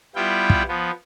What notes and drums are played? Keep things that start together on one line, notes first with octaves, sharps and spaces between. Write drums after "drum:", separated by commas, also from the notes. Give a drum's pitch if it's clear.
G3 B3 E4 F4 G5
drum: kick
F3 B3